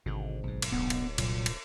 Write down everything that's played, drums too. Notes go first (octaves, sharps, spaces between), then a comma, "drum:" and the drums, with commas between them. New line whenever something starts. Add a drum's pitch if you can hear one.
G#1 B2 D3
B1 G#2
drum: cymbal
D1 B3
drum: cymbal
C2 A#2 F#3, drum: cymbal
drum: cymbal